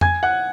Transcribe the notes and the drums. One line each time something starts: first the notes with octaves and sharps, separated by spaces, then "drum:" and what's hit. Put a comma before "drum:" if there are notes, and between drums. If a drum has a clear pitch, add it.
G#5 G#6, drum: tom F2
F#5 F#6